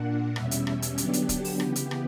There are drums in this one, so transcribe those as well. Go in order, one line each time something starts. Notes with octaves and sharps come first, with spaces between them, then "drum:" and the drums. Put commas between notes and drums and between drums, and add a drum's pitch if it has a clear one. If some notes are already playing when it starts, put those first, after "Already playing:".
Already playing: A#2 A#3 D4 F#5
E2 B2 G3 C#4 E5, drum: rim click
drum: hi-hat
drum: rim click
drum: hi-hat
D3 F#3 B3 D4 G4, drum: hi-hat
drum: hi-hat
drum: kick, hi-hat
drum: open hi-hat
C#3 E3 B3, drum: rim click
drum: hi-hat
drum: rim click